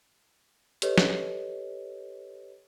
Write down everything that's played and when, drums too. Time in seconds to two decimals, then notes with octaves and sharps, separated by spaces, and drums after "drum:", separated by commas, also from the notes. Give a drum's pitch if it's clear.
0.82 G4 A4 B4 C#5 D#5, drum: hi-hat
0.98 drum: snare